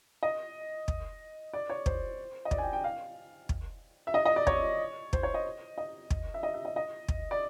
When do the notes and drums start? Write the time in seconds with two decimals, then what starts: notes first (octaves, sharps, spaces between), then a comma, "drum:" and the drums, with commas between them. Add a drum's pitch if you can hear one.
0.23 D#5
0.88 drum: kick
1.54 D5
1.70 C#5
1.86 C5, drum: kick
2.45 D#5
2.51 D5, drum: kick
2.58 G#5
2.62 G5
2.73 G5
2.84 F5
3.49 drum: kick
4.07 E5
4.14 D#5
4.26 D#5
4.36 D5
4.47 C#5, drum: kick
5.13 C5, drum: kick
5.23 C#5
5.34 D#5
5.78 D#5
6.10 drum: kick
6.34 E5
6.43 D#5
6.54 E5
6.65 D#5
6.76 D#5
7.08 drum: kick
7.31 D5